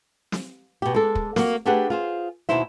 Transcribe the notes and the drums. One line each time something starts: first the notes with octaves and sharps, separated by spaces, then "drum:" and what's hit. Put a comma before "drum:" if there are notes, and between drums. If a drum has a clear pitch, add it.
drum: snare
B2 G4
G#3 A4
drum: kick
A#3 F#4, drum: snare
A3 D4 G4 G#4 B4 F#5
F4 G#4 C5
D#2 B2 D#4 E4 C5 E5